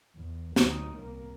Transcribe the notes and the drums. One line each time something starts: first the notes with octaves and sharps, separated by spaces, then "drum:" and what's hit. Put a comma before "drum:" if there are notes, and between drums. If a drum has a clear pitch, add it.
E2
D2 D#4, drum: snare
C2 A#3